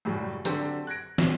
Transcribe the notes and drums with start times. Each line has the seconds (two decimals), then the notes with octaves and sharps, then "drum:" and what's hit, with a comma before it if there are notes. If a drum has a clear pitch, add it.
0.05 F#2 A2 C#3 F#3 G3
0.45 D3 F#3 C4 G4 A4 C5, drum: tambourine
0.87 F#6 G#6 A#6 D7
1.18 drum: snare